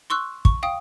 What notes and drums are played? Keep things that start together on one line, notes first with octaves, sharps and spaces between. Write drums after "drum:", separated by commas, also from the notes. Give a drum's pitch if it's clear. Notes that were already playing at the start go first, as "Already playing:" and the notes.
C6 C#6 E6 F#6
C#6, drum: kick
F5 G5 D#6